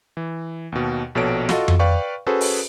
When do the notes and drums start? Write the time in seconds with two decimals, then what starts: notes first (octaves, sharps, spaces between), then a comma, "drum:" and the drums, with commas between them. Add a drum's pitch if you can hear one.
0.17 E3
0.72 D#2 B2
1.15 A#1 B2 A4 C#5 D7
1.49 F4 F#4 A4 D#5, drum: snare
1.68 drum: tom F2
1.79 B4 D5 F5 G5 C#6
2.27 C#4 F#4 G#4 A4 B4 C5
2.41 drum: open hi-hat